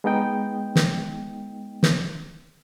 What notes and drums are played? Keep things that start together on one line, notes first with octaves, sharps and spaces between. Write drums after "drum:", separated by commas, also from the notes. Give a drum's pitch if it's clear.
G#3 B3 D#4 D#5 G5
drum: snare
drum: snare